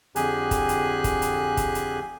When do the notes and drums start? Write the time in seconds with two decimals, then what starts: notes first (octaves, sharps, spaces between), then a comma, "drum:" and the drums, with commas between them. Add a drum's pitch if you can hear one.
0.16 F2 D3 G4 G#4 G#5 F#6, drum: hi-hat
0.51 drum: kick, hi-hat
0.69 drum: hi-hat
1.04 drum: kick, hi-hat
1.22 drum: hi-hat
1.57 drum: kick, hi-hat
1.75 drum: hi-hat